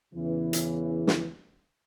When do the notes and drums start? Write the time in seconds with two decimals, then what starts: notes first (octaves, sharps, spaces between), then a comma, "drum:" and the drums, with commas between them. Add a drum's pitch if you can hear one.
0.13 E2 C#3 E3
0.53 drum: hi-hat
1.07 drum: snare